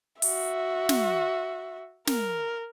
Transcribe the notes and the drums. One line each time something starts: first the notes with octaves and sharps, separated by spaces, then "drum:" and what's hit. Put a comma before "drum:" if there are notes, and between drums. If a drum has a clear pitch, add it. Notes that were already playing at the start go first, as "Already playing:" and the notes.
F#4 E5, drum: open hi-hat
drum: snare
A#4, drum: snare